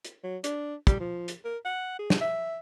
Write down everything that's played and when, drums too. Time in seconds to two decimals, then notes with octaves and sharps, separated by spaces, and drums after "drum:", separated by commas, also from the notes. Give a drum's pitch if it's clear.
0.05 drum: hi-hat
0.23 F#3
0.44 D4, drum: hi-hat
0.87 G3, drum: kick, hi-hat
1.00 F3
1.28 drum: hi-hat
1.44 A#4
1.65 F#5
1.99 G#4
2.10 drum: snare
2.21 E5